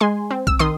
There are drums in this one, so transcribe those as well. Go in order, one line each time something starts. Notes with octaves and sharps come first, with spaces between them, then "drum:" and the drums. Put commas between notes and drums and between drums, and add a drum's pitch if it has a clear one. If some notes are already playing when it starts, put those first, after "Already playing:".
G#3 G#5 C6
C4
E6, drum: kick
D#3 C6 D#6